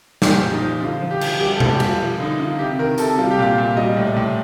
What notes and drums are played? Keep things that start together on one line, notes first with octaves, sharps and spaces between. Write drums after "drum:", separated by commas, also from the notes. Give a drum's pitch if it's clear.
A#2 G4, drum: snare
F3
D#4
F3
D3 F4
F3
G4
F3, drum: cymbal
G3 G4
A4
G3, drum: tom B2
G4
G3 F4, drum: cymbal
F3 F4
D3 D#4
D3 F4
C3 G4
D#3 A#4
C3 A4, drum: hi-hat
G3 F4
G4
A#2 F4
A#2
G3 D#5
A2
D5
A2